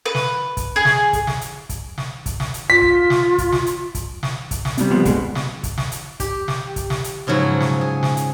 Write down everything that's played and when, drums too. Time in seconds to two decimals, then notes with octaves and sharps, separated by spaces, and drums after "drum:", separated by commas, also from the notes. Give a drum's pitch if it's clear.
0.06 B4
0.15 drum: snare
0.57 drum: kick, hi-hat
0.76 G#4
0.85 drum: snare
1.13 drum: kick, hi-hat
1.27 drum: snare
1.41 drum: hi-hat
1.69 drum: kick, hi-hat
1.98 drum: snare
2.26 drum: kick, hi-hat
2.40 drum: snare
2.54 drum: hi-hat
2.70 F4 B6
2.82 drum: kick
3.10 drum: snare
3.38 drum: kick, hi-hat
3.52 drum: snare
3.66 drum: hi-hat
3.95 drum: kick, hi-hat
4.23 drum: snare
4.51 drum: kick, hi-hat
4.65 drum: snare
4.78 C3 G3, drum: hi-hat
4.90 D2 F3 B3
5.05 B2 D3 G#3, drum: kick, hi-hat
5.35 drum: snare
5.63 drum: kick, hi-hat
5.78 drum: snare
5.92 drum: hi-hat
6.20 G4, drum: kick, hi-hat
6.48 drum: snare
6.76 drum: kick, hi-hat
6.90 drum: snare
7.04 drum: hi-hat
7.27 G#2 C#3 F3 F#3 E4
7.60 drum: snare
7.81 G#4
8.03 drum: snare
8.17 drum: hi-hat